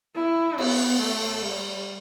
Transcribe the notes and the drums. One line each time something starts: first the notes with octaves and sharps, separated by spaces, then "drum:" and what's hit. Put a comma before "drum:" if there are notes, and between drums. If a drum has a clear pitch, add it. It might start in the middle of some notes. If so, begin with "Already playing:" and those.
E4
B3, drum: cymbal
A3
G3